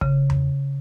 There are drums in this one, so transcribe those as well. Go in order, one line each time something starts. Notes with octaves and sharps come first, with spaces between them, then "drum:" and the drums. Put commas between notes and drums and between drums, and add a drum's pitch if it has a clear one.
C#3, drum: kick
drum: tom E2